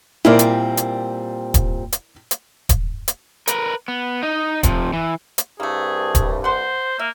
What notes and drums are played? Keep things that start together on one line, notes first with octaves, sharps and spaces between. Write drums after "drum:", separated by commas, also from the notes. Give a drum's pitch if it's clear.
A#2 G3 C4 E4 A#4 D5
drum: hi-hat
drum: hi-hat
drum: kick D#1, hi-hat
drum: hi-hat
drum: hi-hat
drum: kick D#1, hi-hat
drum: hi-hat
A#4 B4, drum: hi-hat
B3
D#4 D#5
C3 F3, drum: kick D#1, hi-hat
E3
drum: hi-hat
C2 G2 A3 A#3 G#4
drum: kick D#1, hi-hat
C5 F#5 C6
A#3 E5